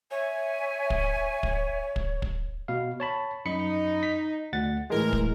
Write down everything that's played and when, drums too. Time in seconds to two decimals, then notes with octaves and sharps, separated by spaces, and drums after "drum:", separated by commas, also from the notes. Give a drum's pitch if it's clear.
0.11 C#5 E5 G#5
0.90 drum: kick
1.43 drum: kick
1.96 drum: kick
2.22 drum: kick
2.68 B2 F5
3.00 C#5 A5 B5
3.45 F#2 D#4 B5 C#7
4.03 B6
4.53 D2 F#5 A6
4.90 A2 E3 G#3 A#4
5.13 drum: kick